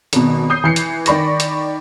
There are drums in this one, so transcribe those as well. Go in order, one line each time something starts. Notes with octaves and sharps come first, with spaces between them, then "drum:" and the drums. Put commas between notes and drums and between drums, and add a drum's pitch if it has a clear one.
G#1 B2, drum: hi-hat
D#6 G6 C7
E3 C7 C#7
drum: hi-hat
D#3 D5 B5 C#6 A#6, drum: hi-hat
drum: hi-hat